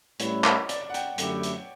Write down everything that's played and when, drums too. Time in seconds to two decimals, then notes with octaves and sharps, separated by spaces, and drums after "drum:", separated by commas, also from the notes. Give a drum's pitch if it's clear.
0.20 A2 G3 C#4 E4 B4 C#5, drum: hi-hat
0.44 drum: clap
0.69 D5, drum: hi-hat
0.81 D5
0.90 F#5
0.94 G5, drum: hi-hat
1.18 F#2 D3 A3 E4 G4, drum: hi-hat
1.43 drum: hi-hat